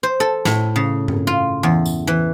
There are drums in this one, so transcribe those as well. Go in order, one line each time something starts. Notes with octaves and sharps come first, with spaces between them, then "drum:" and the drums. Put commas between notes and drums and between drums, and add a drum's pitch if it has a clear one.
C5
A4
A2, drum: snare
C#3
drum: tom G2
F4
E2
drum: tambourine
E3